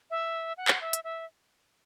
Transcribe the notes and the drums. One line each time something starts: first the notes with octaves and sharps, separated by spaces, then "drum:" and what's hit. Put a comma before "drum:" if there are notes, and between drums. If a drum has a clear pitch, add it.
E5
F#5
drum: clap
E5
drum: hi-hat
E5